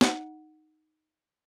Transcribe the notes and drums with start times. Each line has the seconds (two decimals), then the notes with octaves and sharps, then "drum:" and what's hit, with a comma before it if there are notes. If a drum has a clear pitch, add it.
0.01 D#4 F#5, drum: snare